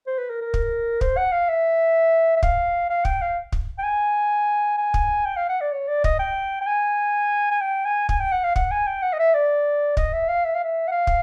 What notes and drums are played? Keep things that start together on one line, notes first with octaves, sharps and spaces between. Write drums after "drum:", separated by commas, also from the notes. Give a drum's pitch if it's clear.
C5
B4
A#4
A#4
drum: kick
C5, drum: kick
F#5
F5
E5
E5
F5, drum: kick
F5
G5, drum: kick
F5
drum: kick
G5
G#5
G#5
drum: kick
G5
F5
F#5
D5
C#5
D5
D#5, drum: kick
G5
G5
G#5
G#5
G5
G#5
G#5, drum: kick
G5
F#5
F5
F#5, drum: kick
G#5
G5
F#5
D#5
E5
D5
D#5, drum: kick
E5
F5
E5
F5
E5
F#5
F5
drum: kick